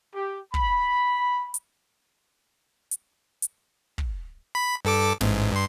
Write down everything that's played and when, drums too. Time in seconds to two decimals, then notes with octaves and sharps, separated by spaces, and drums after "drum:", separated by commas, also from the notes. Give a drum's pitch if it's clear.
0.14 G4
0.54 B5, drum: kick
1.54 drum: hi-hat
2.91 drum: hi-hat
3.42 drum: hi-hat
3.98 drum: kick
4.55 B5
4.85 G2 A4 D6
5.21 A1 G#2, drum: snare
5.52 G2 C6